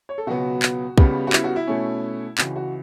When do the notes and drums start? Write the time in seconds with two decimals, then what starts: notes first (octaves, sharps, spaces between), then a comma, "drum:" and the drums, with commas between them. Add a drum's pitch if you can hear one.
0.09 C#5
0.18 A4
0.27 C#2 B2 F#3 B3 F#4
0.62 drum: clap
0.98 C#2 C#3 G3 B3, drum: kick
1.27 F#4
1.33 E4, drum: clap
1.44 F#4
1.56 E4
1.67 B2 A3 C#4
2.38 C#2 C#3 E3 F#4, drum: clap
2.56 F#4